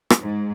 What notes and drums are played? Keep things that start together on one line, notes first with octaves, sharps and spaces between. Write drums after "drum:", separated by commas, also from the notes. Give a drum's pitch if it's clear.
drum: rim click
G#2